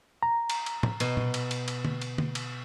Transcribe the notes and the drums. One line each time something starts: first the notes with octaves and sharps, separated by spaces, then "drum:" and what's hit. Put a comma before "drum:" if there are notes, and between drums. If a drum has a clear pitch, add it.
A#5
drum: cymbal
drum: cymbal
drum: tom
B2, drum: cymbal
drum: tom A#2
drum: cymbal
drum: cymbal
drum: cymbal
drum: tom D3
drum: cymbal
drum: tom D3
drum: cymbal